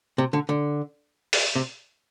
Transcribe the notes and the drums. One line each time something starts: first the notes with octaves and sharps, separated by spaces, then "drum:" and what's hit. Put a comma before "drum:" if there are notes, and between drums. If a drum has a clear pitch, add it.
C3
D3
D3
drum: open hi-hat
C3